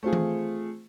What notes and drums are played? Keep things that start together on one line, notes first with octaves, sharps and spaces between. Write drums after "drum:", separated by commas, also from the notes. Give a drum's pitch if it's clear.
A3 C4 F4 G#4
drum: tom E3